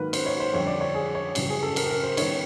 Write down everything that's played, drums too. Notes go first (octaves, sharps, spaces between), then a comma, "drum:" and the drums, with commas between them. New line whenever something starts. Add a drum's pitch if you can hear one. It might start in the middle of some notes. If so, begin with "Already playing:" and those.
Already playing: G#2 D#3 F#3 A#3 A#4 B4
C5, drum: cymbal
C#5
C5
F2 D3 G3 C#5
D5
C#5
G#4
C#5
F#2 C#3 E3 G3, drum: cymbal
G#4
A4
A#4, drum: cymbal
A#4
C5
D#3 G3 B3 D#4 C#5, drum: cymbal